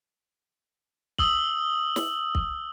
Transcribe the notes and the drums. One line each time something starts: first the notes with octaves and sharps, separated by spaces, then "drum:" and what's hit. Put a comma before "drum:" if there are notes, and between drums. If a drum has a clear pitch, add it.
D#6 E6 F#7, drum: kick
drum: snare
drum: kick